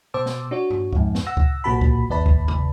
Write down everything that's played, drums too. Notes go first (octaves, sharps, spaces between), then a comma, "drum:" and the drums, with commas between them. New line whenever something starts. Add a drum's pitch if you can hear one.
B2 C5 A5 D6 E6
drum: snare
D4 F#4 C#5
drum: tom G2
F2 G#2, drum: kick C#2
drum: snare
F#5 E6 A#6
drum: kick C#2
B1 A#2 A#3 F#4 A5 B5
drum: kick C#2
G1 D#2 B4 D5 A5 B5
drum: kick C#2
drum: tom C3